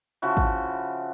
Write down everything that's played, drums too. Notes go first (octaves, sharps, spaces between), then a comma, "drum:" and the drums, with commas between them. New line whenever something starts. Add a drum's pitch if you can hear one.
C#3 F3 E4 F#4
drum: kick A1